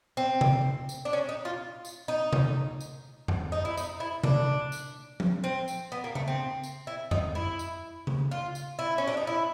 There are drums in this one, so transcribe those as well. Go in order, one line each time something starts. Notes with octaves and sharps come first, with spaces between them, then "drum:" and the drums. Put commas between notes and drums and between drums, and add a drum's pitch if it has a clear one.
C4
drum: tom C3
drum: tambourine
D4
C#4
D#4
F4
drum: tambourine
D#4
drum: tom C3
drum: tambourine
drum: tom F2
D#4
E4
D#4, drum: tambourine
E4
D4, drum: tom C3
drum: tambourine
drum: tom F3
C4
drum: tambourine
B3
A#3
A3, drum: tom C#3
C4
drum: tambourine
E4
D#4, drum: tom F2
E4
drum: tambourine
drum: tom C#3
F4
drum: tambourine
E4
C#4
D4
D#4
E4